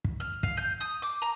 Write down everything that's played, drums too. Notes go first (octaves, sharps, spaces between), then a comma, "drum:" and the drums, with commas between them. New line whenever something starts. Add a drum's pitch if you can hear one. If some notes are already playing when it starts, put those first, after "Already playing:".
drum: kick
F6
F5, drum: kick
G6
D#6
D6
A#5